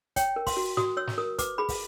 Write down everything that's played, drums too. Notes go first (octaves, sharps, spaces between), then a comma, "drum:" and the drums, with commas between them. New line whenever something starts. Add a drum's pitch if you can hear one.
C#5 G5, drum: kick, hi-hat
A#4
C6, drum: kick, open hi-hat
F#4
F#4 D#6, drum: snare
C#5 E6
drum: snare
A#4 D#6
B4 D6, drum: kick, hi-hat
G#4 B5
drum: kick, open hi-hat